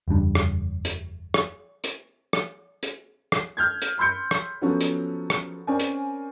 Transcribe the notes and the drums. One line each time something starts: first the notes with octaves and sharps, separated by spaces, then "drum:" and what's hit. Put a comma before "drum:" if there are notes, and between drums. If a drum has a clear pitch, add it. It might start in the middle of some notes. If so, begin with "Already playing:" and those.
F#1 E2 G3 D4
drum: rim click
drum: hi-hat
drum: rim click
drum: hi-hat
drum: rim click
drum: hi-hat
drum: rim click
F6 G6 G#6
drum: hi-hat
B5 C6 E6 G6 C#7
drum: rim click
F3 F#3 B3 C#4 A4
drum: hi-hat
drum: rim click
C4 C#4 A#4 D5 G#5
drum: hi-hat